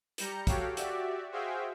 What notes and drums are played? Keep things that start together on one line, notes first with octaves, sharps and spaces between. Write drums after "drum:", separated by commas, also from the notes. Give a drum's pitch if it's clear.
G3 A#5 G6 C#7, drum: hi-hat
F#4 G4 A4 C#5 F5 G5, drum: kick, hi-hat
F#4 G4 D5 E5, drum: hi-hat
F#4 G#4 C5 E5 F5 G5